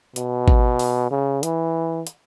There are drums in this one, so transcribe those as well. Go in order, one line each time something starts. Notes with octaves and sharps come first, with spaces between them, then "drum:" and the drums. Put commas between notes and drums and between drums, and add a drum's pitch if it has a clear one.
B2, drum: hi-hat
drum: kick G#1
drum: open hi-hat
C#3
E3, drum: hi-hat
drum: hi-hat